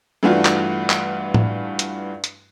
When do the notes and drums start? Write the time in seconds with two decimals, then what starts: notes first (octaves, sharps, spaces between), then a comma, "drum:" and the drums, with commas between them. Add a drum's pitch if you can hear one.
0.23 G2 E3 A3 D4 F4 F#4
0.45 drum: clap
0.90 drum: clap
1.34 drum: tom
1.79 drum: hi-hat
2.24 drum: hi-hat